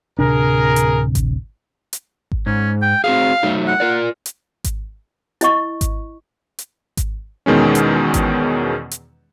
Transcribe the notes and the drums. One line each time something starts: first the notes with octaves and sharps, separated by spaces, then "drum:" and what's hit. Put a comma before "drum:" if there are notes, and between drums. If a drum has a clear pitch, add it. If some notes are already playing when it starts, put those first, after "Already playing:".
D1 C3 D4 G#4 A#4
drum: hi-hat
drum: kick G#1, hi-hat
drum: hi-hat
drum: kick G#1
G#2 C#4
G5
C4 F#4 G#4 F5
F#3 A3 D#4
F#5
F4 A#4 D5
drum: hi-hat
drum: kick G#1, hi-hat
E4 D#5 C#6, drum: hi-hat
drum: kick G#1, hi-hat
drum: hi-hat
drum: kick G#1, hi-hat
E2 B2 D#3 G#3 C#4
drum: hi-hat
drum: kick G#1, hi-hat
drum: hi-hat